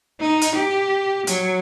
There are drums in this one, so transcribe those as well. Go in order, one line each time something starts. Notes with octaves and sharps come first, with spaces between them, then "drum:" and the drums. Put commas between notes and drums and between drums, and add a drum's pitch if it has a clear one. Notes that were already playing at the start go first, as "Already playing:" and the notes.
D#4
drum: hi-hat
G4
F#3, drum: hi-hat